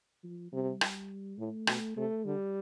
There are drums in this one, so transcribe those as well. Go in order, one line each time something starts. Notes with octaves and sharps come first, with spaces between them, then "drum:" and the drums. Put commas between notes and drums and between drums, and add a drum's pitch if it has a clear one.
F3
C3 G3
drum: rim click
A2 A3
B2, drum: rim click
C3 A3
D3 G3